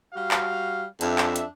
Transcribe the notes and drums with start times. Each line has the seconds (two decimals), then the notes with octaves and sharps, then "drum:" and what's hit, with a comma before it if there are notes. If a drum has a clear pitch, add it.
0.14 G3 F#4 F5
0.31 drum: clap
1.01 F2 D4 E5, drum: hi-hat
1.18 drum: clap
1.36 drum: hi-hat